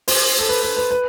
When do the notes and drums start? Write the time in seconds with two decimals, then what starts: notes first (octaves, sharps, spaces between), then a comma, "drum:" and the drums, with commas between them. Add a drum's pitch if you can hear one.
0.08 C5, drum: open hi-hat
0.39 A4
0.49 B4
0.63 B4
0.77 B4
0.91 B4